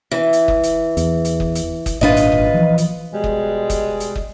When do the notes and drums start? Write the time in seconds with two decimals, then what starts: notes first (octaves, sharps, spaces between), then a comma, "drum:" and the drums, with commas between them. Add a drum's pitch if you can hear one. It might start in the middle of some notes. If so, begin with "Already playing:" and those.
0.11 E3
0.33 drum: hi-hat
0.48 drum: kick
0.63 drum: hi-hat
0.97 E2, drum: hi-hat
1.25 drum: hi-hat
1.40 drum: kick
1.55 drum: hi-hat
1.86 drum: kick, hi-hat
2.01 G#1 A#2 D4 F4 B4 D#5
2.17 drum: hi-hat
2.32 drum: kick
2.54 E3 F3
2.78 drum: hi-hat
3.14 B2 G3 G#3
3.24 drum: kick
3.70 drum: kick, hi-hat
4.00 drum: hi-hat
4.16 drum: kick